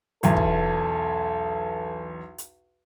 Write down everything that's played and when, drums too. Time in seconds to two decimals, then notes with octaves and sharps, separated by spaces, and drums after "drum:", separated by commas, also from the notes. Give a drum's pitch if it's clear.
0.23 B1 E2 A4, drum: hi-hat
0.37 drum: kick
2.38 drum: hi-hat